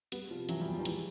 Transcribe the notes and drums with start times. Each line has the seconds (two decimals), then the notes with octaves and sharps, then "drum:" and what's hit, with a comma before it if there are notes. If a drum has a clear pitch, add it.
0.12 G3 B3, drum: hi-hat
0.30 C3 F3
0.49 E3 F#3, drum: hi-hat
0.61 G3
0.67 E2
0.74 F3
0.80 D#3
0.85 E3 G#3, drum: hi-hat